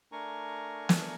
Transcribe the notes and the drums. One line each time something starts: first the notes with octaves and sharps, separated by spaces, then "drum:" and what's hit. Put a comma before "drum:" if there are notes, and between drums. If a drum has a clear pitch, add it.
A3 D4 A#4 G#5 A#5 C#6
drum: snare